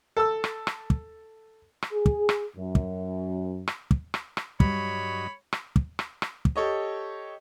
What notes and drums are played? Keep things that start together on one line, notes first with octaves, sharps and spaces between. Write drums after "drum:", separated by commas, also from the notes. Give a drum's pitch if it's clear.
A4 E6
drum: rim click
drum: rim click
drum: kick
drum: rim click
G#4
drum: kick
drum: rim click
F#2
drum: kick
drum: rim click
drum: kick
drum: rim click
drum: rim click
G2 F#3 G3 C#5 D#5 B5, drum: kick
drum: rim click
drum: kick
drum: rim click
drum: rim click
drum: kick
G4 A4 C#5 D#5